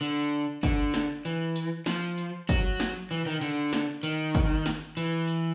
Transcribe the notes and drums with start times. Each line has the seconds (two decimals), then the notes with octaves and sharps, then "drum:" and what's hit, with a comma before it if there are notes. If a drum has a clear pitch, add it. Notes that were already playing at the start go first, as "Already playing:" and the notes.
0.01 D3
0.63 D3, drum: kick, hi-hat
0.94 drum: snare
1.25 E3, drum: hi-hat
1.56 drum: hi-hat
1.86 F3, drum: snare
2.18 drum: hi-hat
2.49 F#3, drum: kick, hi-hat
2.80 drum: snare
3.11 E3, drum: hi-hat
3.26 D#3
3.41 D3, drum: hi-hat
3.73 drum: snare
4.03 D#3, drum: hi-hat
4.35 drum: kick, hi-hat
4.66 drum: snare
4.97 E3, drum: hi-hat
5.28 drum: hi-hat